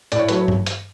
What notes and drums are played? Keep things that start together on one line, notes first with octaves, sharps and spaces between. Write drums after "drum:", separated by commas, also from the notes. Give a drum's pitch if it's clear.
A2 D5, drum: hi-hat
C#5
F#3 A3 B4, drum: hi-hat
C#5
drum: tom G2
drum: hi-hat